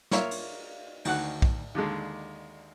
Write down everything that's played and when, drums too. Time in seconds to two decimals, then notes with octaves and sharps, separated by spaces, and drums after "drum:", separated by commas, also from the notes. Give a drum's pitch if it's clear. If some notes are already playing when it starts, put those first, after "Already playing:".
0.11 A#3 F4 A#4 C#5 E5, drum: snare
0.31 drum: cymbal
1.05 D2 D#3 F#4 F#5 F#6, drum: cymbal
1.42 drum: kick
1.75 D#2 D3 G#3